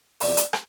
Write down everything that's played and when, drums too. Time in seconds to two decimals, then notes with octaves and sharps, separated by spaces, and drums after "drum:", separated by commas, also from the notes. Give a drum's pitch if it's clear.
0.20 E2 C3 F3 D5, drum: open hi-hat
0.37 drum: hi-hat
0.53 drum: rim click